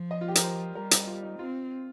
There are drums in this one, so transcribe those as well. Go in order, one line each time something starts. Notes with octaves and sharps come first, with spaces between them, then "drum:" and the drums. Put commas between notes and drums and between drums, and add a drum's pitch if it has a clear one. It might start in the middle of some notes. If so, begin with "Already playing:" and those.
Already playing: F3
D#5
F4
G4
A#4, drum: hi-hat
C5
G3 A#4
G4, drum: hi-hat
F4
D#4
C4 F4